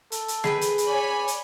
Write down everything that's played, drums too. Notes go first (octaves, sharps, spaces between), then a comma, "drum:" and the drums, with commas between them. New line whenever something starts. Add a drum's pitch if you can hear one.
A4, drum: hi-hat
drum: hi-hat
G#4 B4 G5, drum: snare
drum: hi-hat
drum: hi-hat
C#5 D5 G#5 B5
drum: hi-hat